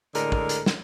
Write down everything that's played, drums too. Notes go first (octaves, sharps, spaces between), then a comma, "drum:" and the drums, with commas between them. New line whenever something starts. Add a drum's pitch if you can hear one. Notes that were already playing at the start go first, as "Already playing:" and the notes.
A2 D3 G#3 A4 A#4, drum: hi-hat
drum: kick
drum: hi-hat
drum: snare